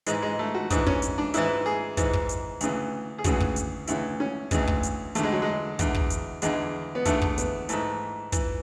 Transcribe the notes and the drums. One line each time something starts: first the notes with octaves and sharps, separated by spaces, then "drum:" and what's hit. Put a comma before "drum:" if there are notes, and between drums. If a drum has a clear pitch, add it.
G#2 E3 G#3, drum: hi-hat
G#3
A3
F#4
G#2 E3 D4, drum: kick, hi-hat
C#4, drum: kick
drum: hi-hat
D4
G#2 E3 E4, drum: hi-hat
G#4
G#2 E3, drum: kick, hi-hat
drum: kick
drum: hi-hat
D2 C#3 E3, drum: hi-hat
G#4
D2 C#3 E3 F#4, drum: kick, hi-hat
drum: kick
drum: hi-hat
D2 C#3 E3 E4, drum: hi-hat
C#4
D2 C#3 E3 G#3, drum: kick, hi-hat
drum: kick
drum: hi-hat
E2 D3 A3, drum: hi-hat
G#3
F#3
G#3
E2 D3, drum: kick, hi-hat
drum: kick
drum: hi-hat
E2 D3 G#3, drum: hi-hat
B3
E2 D3 A3, drum: kick, hi-hat
drum: kick
B3, drum: hi-hat
G#2 E3 A3, drum: hi-hat
E3, drum: kick, hi-hat